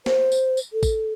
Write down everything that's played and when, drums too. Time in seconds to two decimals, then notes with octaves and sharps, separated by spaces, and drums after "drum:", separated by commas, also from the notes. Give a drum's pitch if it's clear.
0.06 C5, drum: snare
0.32 drum: tambourine
0.57 drum: tambourine
0.73 A4
0.83 drum: kick, tambourine